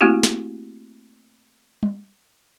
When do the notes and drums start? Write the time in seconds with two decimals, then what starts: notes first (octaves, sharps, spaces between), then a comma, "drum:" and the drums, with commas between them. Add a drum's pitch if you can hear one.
0.01 A3 A#3 C4 E4 F#4 G4
0.23 drum: snare
1.83 drum: tom G3